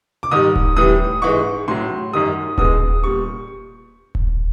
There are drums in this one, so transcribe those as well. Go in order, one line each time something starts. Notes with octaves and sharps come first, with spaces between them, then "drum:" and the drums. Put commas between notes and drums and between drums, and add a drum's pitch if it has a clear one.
D6
G#2 D#3 G3 D#6
drum: kick D#1
A2 E3 G3 D#6
G#2 E3 G#3 C#6
A2 F#3 C6
F#2 D#3 G3 D#6
E2 B2 G#3 D#6, drum: kick D#1
A#2 G3 C#6
drum: kick D#1